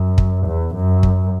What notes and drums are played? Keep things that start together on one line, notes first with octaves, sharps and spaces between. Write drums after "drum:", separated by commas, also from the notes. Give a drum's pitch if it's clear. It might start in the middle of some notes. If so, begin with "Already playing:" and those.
Already playing: F#2
drum: kick
E2
F#2
drum: kick